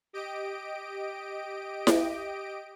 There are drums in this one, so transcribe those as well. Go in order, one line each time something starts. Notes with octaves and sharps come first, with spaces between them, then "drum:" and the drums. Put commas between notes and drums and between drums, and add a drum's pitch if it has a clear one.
G4 D#5 D7
drum: snare E4